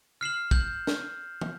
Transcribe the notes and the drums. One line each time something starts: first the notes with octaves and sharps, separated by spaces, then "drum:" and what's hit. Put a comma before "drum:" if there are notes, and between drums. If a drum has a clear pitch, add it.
F6 C7 E7 F#7
G6 F#7, drum: kick
drum: snare
drum: tom